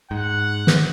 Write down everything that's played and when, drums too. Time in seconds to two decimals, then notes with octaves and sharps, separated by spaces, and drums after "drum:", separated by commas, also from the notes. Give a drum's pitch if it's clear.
0.11 G#2 F#5
0.67 drum: snare